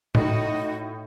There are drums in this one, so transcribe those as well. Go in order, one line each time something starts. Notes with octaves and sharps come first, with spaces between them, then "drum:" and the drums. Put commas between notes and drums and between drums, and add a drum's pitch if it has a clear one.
A2 D#4 F#4 D#5, drum: tom A2